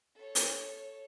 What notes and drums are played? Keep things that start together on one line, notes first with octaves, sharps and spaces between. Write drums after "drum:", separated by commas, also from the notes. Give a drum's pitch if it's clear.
A4 C#5
drum: hi-hat